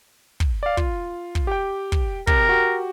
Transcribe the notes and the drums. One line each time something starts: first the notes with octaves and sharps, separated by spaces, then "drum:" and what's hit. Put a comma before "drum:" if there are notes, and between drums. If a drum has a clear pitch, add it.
drum: kick
D5 F5
F4, drum: kick
drum: kick
G4 G5
drum: kick
C3 G4 A#4, drum: kick
F#4 G4 G5